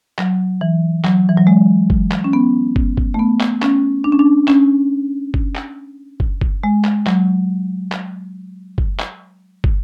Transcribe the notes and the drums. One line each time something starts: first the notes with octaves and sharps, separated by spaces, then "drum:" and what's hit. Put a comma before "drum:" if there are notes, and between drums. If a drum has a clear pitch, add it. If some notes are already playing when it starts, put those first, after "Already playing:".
F#3, drum: clap
E3
F#3, drum: clap
E3
F#3
G#3
drum: kick
drum: clap
C#4
B3
drum: kick
drum: kick
A3
B3
drum: clap
C#4, drum: clap
D4
C#4
D4
C#4, drum: clap
drum: kick
drum: clap
drum: kick
drum: kick
G#3
drum: clap
F#3, drum: clap
drum: clap
drum: kick
drum: clap
drum: kick